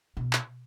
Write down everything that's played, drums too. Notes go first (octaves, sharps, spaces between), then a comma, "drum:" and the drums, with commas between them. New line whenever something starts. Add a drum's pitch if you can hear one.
B2
drum: clap